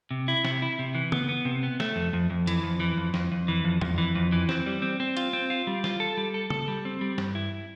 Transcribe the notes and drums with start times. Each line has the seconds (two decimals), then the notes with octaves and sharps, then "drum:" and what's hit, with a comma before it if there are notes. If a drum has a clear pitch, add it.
0.11 C3
0.28 E4
0.45 C3, drum: snare
0.62 E4
0.79 C3
0.95 E3
1.12 B3, drum: tom
1.29 B3
1.45 C3
1.63 B3
1.80 A3, drum: snare
1.96 F2
2.13 F2
2.30 F2
2.47 E3, drum: hi-hat
2.63 F2
2.80 E3
2.97 F2
3.14 F2, drum: snare
3.32 F2
3.48 E3
3.64 F2
3.81 F2, drum: tom E2
3.98 E3
4.15 F2
4.32 E3
4.49 C4, drum: snare
4.66 G3
4.82 C4
5.00 C4
5.17 F4, drum: hi-hat
5.33 C4
5.50 F4
5.67 G3
5.84 F4, drum: snare
6.00 A4
6.17 G3
6.34 A4
6.50 A4, drum: tom
6.68 G3
6.85 C4
7.01 G3
7.18 G2, drum: snare
7.35 E4